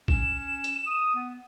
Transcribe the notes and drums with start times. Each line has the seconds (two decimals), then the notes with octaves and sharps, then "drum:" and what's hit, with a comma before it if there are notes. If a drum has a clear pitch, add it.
0.08 C#4 E7, drum: kick
0.64 drum: hi-hat
0.87 D#6
1.15 B3